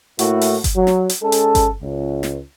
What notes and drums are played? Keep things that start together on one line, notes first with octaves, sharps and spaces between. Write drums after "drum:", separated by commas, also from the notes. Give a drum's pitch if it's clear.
A2 A3 A#3 E4 F#4, drum: hi-hat
drum: open hi-hat
drum: kick G1, hi-hat
F#3
drum: snare
drum: hi-hat
G#3 C#4 A4
drum: hi-hat
drum: kick G1, hi-hat
C#2
drum: snare